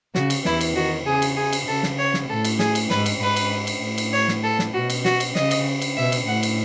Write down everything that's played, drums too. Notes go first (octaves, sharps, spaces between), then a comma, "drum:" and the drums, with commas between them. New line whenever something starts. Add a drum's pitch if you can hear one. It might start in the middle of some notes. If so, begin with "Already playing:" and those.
C#3 F#4, drum: snare
drum: cymbal
E2 E3 E4, drum: snare
drum: cymbal
D#3 F#4
C#3 G#4
drum: cymbal
G#4
drum: cymbal
C#3 A4
drum: snare
C#5
drum: snare
A2 A4
drum: cymbal
G#4, drum: snare
drum: cymbal
G#2 B4, drum: snare
drum: cymbal
G#2 B4
drum: cymbal
drum: cymbal
A2
drum: cymbal
C#5
drum: snare
A4
drum: snare
B2 F#4
drum: cymbal
F#4, drum: snare
drum: cymbal
C#3 D#5, drum: snare
drum: cymbal
drum: cymbal
B2 E5
drum: cymbal
A2 F#5
drum: cymbal